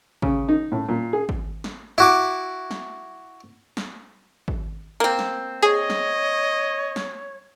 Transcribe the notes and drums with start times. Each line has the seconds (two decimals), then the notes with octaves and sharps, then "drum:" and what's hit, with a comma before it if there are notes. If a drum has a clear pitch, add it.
0.22 C#3, drum: kick G#1
0.49 D#4
0.72 A2
0.89 A#2
1.13 G#4
1.29 drum: kick G#1
1.64 drum: snare
1.98 E4 F#4 D6
2.71 drum: snare
3.77 drum: snare
4.48 drum: kick G#1
5.00 A#3 C4
5.19 drum: snare
5.63 G#4 C#5 D#5
5.90 drum: snare
6.96 drum: snare